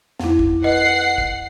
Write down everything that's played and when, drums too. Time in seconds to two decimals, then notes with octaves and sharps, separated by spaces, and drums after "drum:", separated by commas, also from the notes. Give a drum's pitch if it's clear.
0.19 F2 E4, drum: snare
0.39 drum: kick
0.64 B4 D#5 F#5 C7
1.18 drum: kick